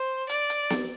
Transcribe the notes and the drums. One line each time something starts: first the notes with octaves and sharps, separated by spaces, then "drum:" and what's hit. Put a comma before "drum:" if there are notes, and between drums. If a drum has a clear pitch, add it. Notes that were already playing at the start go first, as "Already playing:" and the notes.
Already playing: C5
D5, drum: hi-hat
drum: hi-hat
drum: snare B3